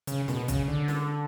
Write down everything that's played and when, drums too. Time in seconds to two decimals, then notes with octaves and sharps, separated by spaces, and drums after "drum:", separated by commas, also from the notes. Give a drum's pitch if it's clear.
0.07 C#3, drum: hi-hat
0.28 B2, drum: snare
0.48 C#3, drum: kick B1, hi-hat
0.68 D3
0.88 drum: snare